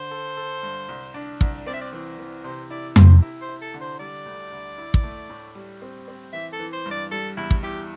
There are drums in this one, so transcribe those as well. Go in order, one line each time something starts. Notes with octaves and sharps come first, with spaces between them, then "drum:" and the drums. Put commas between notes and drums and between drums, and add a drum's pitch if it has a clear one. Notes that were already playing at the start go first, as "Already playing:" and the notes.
Already playing: D3 C5
A4
A4
G2
C2
D4
C2, drum: kick
C4 D5
E5
D5
E3
E3
C3 C5
E4 D5
C3 C5, drum: tom F2
E4
C5
E4
A4
D3
C5
G3 D5
D2
D2
E4
drum: kick
A3
A2
G3
C4
C4
E3 E5
A4
E3
C5
G2
D5
G3 A4
E2 E4
drum: kick
E4 G4